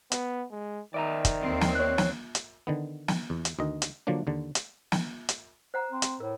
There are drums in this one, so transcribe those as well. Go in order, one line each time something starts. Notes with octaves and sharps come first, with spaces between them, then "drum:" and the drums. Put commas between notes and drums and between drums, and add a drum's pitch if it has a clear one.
B3, drum: hi-hat
G#3
D#3 D5 E5 A#5
drum: kick, hi-hat
D#2 C4
drum: snare
C#5 F#6
drum: snare
drum: hi-hat
D3 D#3 B3
drum: snare
E2
drum: hi-hat
D2 D#3 D#5
drum: hi-hat
D3 F3 F#3 A#3 D4
D#2 D3
drum: hi-hat
drum: snare
drum: hi-hat
C5 F#5 A#5
C4
drum: hi-hat
A2 A#4